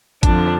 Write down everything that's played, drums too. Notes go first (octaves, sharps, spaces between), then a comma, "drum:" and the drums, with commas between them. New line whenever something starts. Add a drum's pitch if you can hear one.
F2 D3 F3 D4, drum: kick G#1, hi-hat